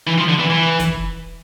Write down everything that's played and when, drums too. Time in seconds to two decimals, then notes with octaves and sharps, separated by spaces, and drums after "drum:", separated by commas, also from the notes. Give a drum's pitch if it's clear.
0.07 E3
0.18 F3
0.28 D3
0.39 E3
0.50 E3
0.79 drum: kick, hi-hat